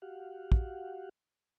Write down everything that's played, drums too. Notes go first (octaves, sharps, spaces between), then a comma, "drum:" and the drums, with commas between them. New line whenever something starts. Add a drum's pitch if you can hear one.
F#4 G4 F5 F#5
drum: kick